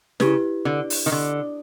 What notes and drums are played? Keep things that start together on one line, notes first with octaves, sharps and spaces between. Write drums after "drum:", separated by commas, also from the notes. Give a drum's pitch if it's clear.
C#3 E4 G4 B4, drum: snare
D3
drum: open hi-hat
D#3
D3